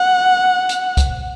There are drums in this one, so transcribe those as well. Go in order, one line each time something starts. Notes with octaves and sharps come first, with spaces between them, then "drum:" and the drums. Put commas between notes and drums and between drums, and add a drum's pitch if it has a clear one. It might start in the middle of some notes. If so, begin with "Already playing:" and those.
Already playing: F#5
drum: hi-hat
drum: kick, hi-hat